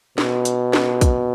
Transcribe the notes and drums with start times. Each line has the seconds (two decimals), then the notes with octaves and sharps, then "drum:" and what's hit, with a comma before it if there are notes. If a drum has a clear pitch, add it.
0.18 B2, drum: snare
0.45 drum: hi-hat
0.73 drum: snare
1.01 drum: kick, hi-hat